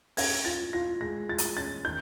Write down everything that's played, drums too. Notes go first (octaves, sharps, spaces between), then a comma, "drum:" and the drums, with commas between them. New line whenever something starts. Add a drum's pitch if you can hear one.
C#4 G#6, drum: open hi-hat
F4 A6
F4 A#6
G#3 A#6
F4 A6
drum: hi-hat
C#4 A6
D#3 G6